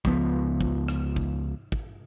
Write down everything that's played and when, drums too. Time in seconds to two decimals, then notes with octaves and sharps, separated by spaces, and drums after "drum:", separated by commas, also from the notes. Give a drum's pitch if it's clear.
0.05 C#2 F3 B3, drum: kick
0.61 drum: kick
0.88 drum: rim click
1.16 drum: kick
1.72 drum: kick